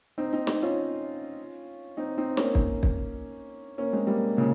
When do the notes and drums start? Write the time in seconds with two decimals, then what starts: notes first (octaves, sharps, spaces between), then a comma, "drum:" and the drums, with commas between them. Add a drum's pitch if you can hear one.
0.18 C4 D#4
0.33 C4 D#4
0.47 drum: snare
0.63 C#4 F4
1.97 C4 D#4
2.18 C4 D#4
2.37 A#3 C#4, drum: snare
2.55 drum: kick
2.83 drum: kick
3.78 A#3 C#4
3.93 G#3 C4
4.07 G3 A#3
4.37 A#2 C#3